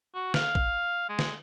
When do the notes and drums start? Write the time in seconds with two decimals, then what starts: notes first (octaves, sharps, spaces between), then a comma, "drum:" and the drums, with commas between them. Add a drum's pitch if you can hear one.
0.15 F#4
0.34 F5, drum: snare
0.55 drum: kick A#1
1.09 G#3
1.19 drum: snare